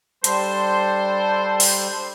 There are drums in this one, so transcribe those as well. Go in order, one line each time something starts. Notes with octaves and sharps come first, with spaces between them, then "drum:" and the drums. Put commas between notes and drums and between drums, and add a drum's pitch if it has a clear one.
G3 D4 A4 C5, drum: hi-hat
drum: open hi-hat